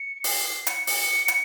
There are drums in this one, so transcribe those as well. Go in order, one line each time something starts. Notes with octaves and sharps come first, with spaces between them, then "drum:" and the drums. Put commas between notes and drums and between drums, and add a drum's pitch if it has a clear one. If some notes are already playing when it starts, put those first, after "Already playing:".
Already playing: C#7
C7, drum: open hi-hat
C#7, drum: hi-hat
C#7, drum: open hi-hat
drum: hi-hat